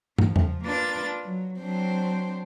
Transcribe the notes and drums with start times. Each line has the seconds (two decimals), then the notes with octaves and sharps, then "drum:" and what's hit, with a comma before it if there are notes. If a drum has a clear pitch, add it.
0.18 F3, drum: tom
0.36 drum: tom E2
0.64 A#3 D4 F4 B4 D5 A6
1.22 F#3
1.60 F#3 C4 D4 C5